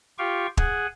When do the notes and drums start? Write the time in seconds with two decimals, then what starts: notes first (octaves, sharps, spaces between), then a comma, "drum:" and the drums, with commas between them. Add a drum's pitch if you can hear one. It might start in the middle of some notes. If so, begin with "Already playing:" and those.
0.18 F4 G4 F5 G5 C#6
0.57 G#4 F#5 G#5, drum: kick